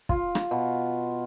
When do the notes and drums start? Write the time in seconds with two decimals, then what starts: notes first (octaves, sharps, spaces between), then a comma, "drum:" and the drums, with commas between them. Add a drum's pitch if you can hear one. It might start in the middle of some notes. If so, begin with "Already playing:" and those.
0.09 F4, drum: kick
0.35 drum: rim click
0.51 B2